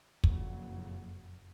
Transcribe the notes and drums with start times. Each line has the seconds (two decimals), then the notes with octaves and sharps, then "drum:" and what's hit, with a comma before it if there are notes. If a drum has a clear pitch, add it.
0.24 F#1 F2 A#2 C#3 F#3, drum: kick